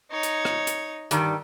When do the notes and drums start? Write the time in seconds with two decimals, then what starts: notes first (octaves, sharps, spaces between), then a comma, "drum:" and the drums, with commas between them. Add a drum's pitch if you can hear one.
0.11 D#4 C#5
0.23 drum: hi-hat
0.45 drum: rim click
0.67 drum: hi-hat
1.11 G2 D#3 G3, drum: hi-hat